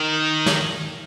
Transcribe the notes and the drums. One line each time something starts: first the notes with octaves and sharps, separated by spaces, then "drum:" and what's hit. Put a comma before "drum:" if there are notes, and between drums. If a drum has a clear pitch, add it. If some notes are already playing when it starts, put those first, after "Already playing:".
Already playing: D#3
drum: snare